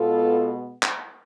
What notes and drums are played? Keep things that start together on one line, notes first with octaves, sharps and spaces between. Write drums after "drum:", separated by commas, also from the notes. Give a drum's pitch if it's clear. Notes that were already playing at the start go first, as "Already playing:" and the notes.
Already playing: B2 G#3 B3 F4 A4
drum: clap